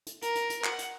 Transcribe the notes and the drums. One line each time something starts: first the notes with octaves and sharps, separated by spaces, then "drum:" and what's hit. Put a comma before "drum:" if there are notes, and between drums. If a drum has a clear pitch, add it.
drum: hi-hat
A#4 A#5, drum: hi-hat
drum: hi-hat
drum: hi-hat
F#5, drum: clap
drum: hi-hat